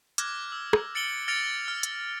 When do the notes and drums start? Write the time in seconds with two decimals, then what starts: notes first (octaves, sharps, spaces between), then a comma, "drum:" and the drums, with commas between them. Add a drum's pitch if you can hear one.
0.18 D6 F6 F#6 G#6 A#6, drum: hi-hat
0.52 E6
0.73 drum: rim click
0.95 A6 C#7 D7 F#7 G7
1.28 F6 A6 A#6 C#7 D7 F7
1.68 F6
1.83 drum: hi-hat